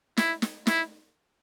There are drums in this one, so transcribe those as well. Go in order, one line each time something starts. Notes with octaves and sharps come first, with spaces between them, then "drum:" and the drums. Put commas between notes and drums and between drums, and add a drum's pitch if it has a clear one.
E4, drum: snare
drum: snare
E4, drum: snare